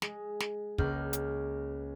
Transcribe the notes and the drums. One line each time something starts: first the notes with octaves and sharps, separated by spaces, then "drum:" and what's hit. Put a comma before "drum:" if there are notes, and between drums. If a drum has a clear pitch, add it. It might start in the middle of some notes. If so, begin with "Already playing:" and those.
G#3, drum: snare
drum: snare
C#2 A#3 B4 F6 G6, drum: kick
drum: hi-hat